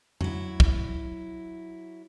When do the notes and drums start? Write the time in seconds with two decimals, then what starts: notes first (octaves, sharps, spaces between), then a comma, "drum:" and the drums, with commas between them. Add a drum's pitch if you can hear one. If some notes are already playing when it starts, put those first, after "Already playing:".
0.21 F#3 E4, drum: tom F2
0.60 drum: kick